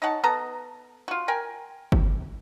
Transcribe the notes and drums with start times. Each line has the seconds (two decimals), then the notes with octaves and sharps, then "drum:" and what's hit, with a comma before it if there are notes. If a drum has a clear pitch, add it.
0.02 D#4 C#5 F#5 A5
0.24 B3 A4 A5 A#5
1.08 F4 F#4
1.28 A#4 G5 G#5
1.92 drum: kick G1